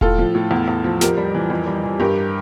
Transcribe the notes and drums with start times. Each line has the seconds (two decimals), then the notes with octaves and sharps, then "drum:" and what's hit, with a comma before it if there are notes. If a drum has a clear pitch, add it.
0.01 A2 F4 A4, drum: kick E1
0.18 F3
0.35 A2
0.51 E2
0.68 E2
0.84 F3
1.01 F2 G4 A#4, drum: snare
1.17 G3
1.34 E3
1.50 F2
1.67 G3
1.83 E3
2.00 G2 G4 A#4